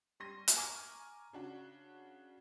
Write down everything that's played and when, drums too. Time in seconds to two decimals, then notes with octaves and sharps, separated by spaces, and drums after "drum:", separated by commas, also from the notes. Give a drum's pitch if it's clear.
0.20 G3 C6 A#6 D#7
0.48 drum: hi-hat
0.57 G#5 A#5 C#6 D6 F6 G#6
1.33 C#3 D4 F#4